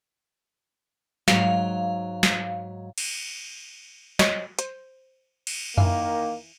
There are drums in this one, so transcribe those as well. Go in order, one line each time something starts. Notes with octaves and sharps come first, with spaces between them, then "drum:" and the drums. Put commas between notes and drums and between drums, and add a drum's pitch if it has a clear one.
G#2 F#3 F5, drum: snare
drum: snare
drum: cymbal
C5 C#5 D#5, drum: snare
C5, drum: hi-hat
drum: cymbal
D#3 E3 A#3 F5 G#5, drum: tom F2